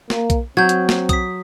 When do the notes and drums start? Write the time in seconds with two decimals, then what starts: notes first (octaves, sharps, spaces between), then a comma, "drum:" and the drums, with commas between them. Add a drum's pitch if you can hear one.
0.10 A#3, drum: snare
0.30 drum: kick B1, hi-hat
0.57 F#3 C4 G6 G#6
0.69 drum: hi-hat
0.89 drum: snare
1.09 D#6 B6, drum: kick B1, hi-hat